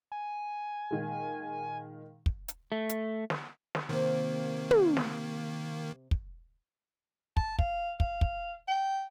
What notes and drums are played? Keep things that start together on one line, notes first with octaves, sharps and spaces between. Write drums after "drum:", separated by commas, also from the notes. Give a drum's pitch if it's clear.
G#5
A#2 D#3 G#3
drum: kick
drum: hi-hat
A3
drum: hi-hat
drum: snare
drum: snare
C3 D#3 A#3 C4
drum: tom
drum: snare
drum: kick
A5, drum: kick
F5, drum: kick
F5, drum: kick
drum: kick
G5